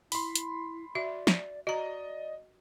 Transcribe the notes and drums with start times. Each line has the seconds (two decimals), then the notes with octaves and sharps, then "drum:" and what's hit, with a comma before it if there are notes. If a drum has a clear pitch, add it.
0.12 E4 B5 C6, drum: open hi-hat
0.36 drum: hi-hat
0.95 F#4 D5 E5
1.27 drum: snare
1.67 F#4 D5 D#5 A#5